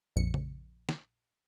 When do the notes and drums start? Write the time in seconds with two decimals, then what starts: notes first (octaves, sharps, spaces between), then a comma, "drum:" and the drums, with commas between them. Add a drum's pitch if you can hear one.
0.16 A#1 F2 C#7
0.34 drum: tom C#3
0.89 drum: snare